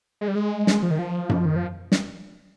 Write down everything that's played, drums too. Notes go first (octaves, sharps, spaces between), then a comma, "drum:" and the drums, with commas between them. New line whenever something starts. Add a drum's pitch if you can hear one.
G#3
G3
G#3
drum: snare
F3
D#3
F3
drum: tom F#2
D#3
F3
drum: snare